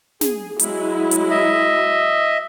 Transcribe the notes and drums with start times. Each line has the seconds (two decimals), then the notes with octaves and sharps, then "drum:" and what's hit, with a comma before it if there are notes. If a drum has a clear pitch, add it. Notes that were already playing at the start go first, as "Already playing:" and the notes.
0.21 G#4, drum: snare
0.59 F#3 G#3 E4, drum: hi-hat
1.11 drum: hi-hat
1.30 D#5 E5